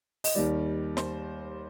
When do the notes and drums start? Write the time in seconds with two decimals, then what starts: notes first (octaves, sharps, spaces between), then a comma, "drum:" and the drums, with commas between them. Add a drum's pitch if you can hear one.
0.24 D#5, drum: open hi-hat
0.35 D#2 D#3 G3 D5
0.97 C5, drum: snare